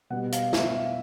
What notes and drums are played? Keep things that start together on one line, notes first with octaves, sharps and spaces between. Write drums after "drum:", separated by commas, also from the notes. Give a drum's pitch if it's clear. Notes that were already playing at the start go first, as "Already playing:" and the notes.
B2 G3 B3 F#5
F5, drum: hi-hat
E5, drum: snare
F5